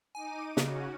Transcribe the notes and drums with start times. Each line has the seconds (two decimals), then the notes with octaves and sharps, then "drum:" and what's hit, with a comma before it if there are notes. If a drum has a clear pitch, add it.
0.15 D#4 G#5 D6 D#7
0.57 C#3 C#4 F#4, drum: snare